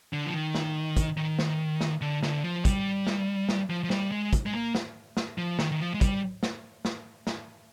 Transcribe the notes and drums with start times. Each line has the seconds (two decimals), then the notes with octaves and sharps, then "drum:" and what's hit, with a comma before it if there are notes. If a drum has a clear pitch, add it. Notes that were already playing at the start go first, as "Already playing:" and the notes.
0.13 D3
0.26 F3
0.33 D#3
0.55 drum: snare
0.97 drum: kick, hi-hat
1.17 D#3
1.39 drum: snare
1.81 drum: snare
2.01 D3
2.23 D3, drum: snare
2.44 F3
2.65 G3, drum: kick, hi-hat
3.07 drum: snare
3.49 drum: snare
3.70 F3
3.84 F3
3.90 G3, drum: snare
4.12 G#3
4.33 drum: kick, hi-hat
4.46 G#3
4.54 A#3
4.75 drum: snare
5.17 drum: snare
5.38 F3
5.59 D#3, drum: snare
5.72 D#3
5.80 F3
5.94 G#3
6.01 G3, drum: kick, hi-hat
6.43 drum: snare
6.85 drum: snare
7.27 drum: snare